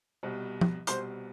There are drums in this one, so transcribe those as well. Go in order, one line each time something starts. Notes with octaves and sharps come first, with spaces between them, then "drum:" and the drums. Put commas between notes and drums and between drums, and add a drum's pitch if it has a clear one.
C2 B2 G3
drum: tom
C2 B2 G3 C5 C6, drum: hi-hat